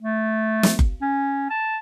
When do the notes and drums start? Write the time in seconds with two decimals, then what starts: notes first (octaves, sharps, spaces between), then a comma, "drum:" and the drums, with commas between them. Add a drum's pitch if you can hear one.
0.01 A3
0.63 drum: snare
0.79 drum: kick F#1
1.02 C#4
1.50 A5